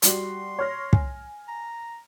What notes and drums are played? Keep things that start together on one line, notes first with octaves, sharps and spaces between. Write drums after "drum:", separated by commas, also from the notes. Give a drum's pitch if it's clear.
G3 F#4 C6, drum: hi-hat
C#5 F6 A#6
G#5, drum: kick
A#5